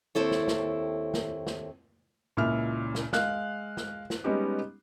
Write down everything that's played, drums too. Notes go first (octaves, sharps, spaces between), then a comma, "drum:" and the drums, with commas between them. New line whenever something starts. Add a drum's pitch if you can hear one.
D#2 C4 E4 A4 C#5
drum: snare
drum: snare
drum: snare
drum: snare
C#2 A#2 C#3 E4 E5 F6
drum: snare
G#3 F5 F#6, drum: snare
drum: snare
drum: snare
G3 G#3 B3 C#4 D#4 G4